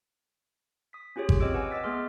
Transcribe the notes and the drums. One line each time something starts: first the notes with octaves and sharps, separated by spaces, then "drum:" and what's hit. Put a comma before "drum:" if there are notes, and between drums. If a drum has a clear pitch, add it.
D#6 B6
C#4 F4 G4 G#4 C#5
drum: kick G#1
C4 C#5 D#5 D6 E6 D7
B4 F#5 G#5 E6
D#5 D6 E6 A6 B6
A3 B3 G#4 C6 F6